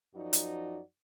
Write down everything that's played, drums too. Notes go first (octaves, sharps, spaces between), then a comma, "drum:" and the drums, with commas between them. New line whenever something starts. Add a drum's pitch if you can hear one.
F#2 F3 D#4 F#4 D5
drum: hi-hat